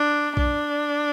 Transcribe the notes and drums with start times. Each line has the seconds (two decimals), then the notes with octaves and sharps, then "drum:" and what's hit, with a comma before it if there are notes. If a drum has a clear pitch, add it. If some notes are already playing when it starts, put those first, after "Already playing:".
Already playing: D4
0.37 D4, drum: kick A#1